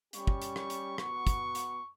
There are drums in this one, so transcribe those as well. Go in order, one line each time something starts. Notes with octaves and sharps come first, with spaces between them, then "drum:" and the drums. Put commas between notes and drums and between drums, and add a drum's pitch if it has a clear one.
G3 C#4 G4 C#6, drum: hi-hat
drum: kick
drum: hi-hat
C#6, drum: rim click
drum: hi-hat
B3 F#4 C#6, drum: rim click
drum: kick, hi-hat
drum: hi-hat